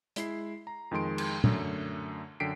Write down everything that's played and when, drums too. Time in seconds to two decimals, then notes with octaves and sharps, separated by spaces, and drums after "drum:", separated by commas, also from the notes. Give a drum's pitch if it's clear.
0.16 G#3 E4 C7, drum: hi-hat
0.67 A#5
0.91 F2 D#3 G#3 C6 D7
1.18 drum: cymbal
1.44 F#2 D3 A3, drum: tom
2.40 F#2 D3 G5 B6 C7 D7